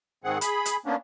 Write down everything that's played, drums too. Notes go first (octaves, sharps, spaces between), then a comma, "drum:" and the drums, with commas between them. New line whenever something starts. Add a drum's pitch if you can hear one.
G#2 D#3 C4 G#4 F#5
G#4 B5, drum: hi-hat
drum: hi-hat
A#3 B3 C#4 D4